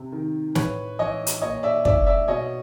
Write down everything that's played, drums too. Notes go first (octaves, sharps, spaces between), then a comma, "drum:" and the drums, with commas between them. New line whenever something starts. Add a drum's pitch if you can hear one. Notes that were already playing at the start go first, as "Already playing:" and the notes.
Already playing: C3
D#3
A2 B4 C#5, drum: snare
E3 C#5 D#5
drum: hi-hat
A#2 C#5 D#5
D5 E5
D5 E5, drum: kick
D5 E5
B2 C#5 D#5